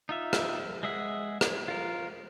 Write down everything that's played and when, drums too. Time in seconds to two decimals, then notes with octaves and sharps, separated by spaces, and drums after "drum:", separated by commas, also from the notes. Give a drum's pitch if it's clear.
0.09 D#4 F4 E5
0.33 drum: rim click
0.83 G#3 G#4 E5 F#5
1.41 drum: rim click
1.68 F4 A#4